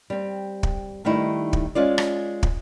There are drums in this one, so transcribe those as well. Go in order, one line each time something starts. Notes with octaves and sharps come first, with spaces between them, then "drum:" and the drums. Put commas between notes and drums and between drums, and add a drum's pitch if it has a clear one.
G3 C4
drum: kick
D#3 G3 A3 D#4 E4
drum: kick
G#3 C#4 F4 D5
drum: rim click
drum: kick